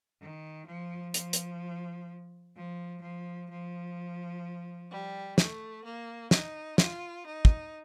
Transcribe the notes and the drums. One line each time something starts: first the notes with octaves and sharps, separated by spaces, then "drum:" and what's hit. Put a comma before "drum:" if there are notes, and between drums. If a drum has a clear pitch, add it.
D#3
F3
F3, drum: hi-hat
drum: hi-hat
F3
F3
F3
G3
A3, drum: snare
A#3
D#4, drum: snare
F4, drum: snare
D#4
drum: kick